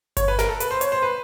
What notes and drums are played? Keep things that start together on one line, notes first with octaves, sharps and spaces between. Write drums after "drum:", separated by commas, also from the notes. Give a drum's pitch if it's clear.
C#5, drum: kick G1, hi-hat
B4
A#4, drum: snare
A4
B4, drum: hi-hat
C5
C#5, drum: hi-hat
C5
B4